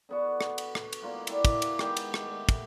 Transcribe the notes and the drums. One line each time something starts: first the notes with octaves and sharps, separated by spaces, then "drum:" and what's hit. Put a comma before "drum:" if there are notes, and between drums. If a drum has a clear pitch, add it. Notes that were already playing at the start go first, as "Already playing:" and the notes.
D3 B3 F#4
drum: rim click
drum: cymbal
drum: rim click
drum: cymbal
B2 A#3 F4 D6
E4 G4 D5, drum: cymbal
drum: kick, cymbal
drum: cymbal
D#3 G#3 B3 G4, drum: rim click
drum: cymbal
drum: rim click
A3
drum: kick, cymbal